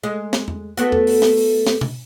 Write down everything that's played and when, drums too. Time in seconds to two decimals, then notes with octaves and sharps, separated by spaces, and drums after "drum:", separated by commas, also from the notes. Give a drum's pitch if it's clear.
0.03 G#3
0.33 drum: snare
0.48 drum: tom E2
0.77 A3 B3 F#4, drum: hi-hat
0.92 drum: tom E2
1.07 drum: open hi-hat
1.22 drum: snare
1.37 drum: open hi-hat
1.67 drum: snare
1.81 drum: tom B2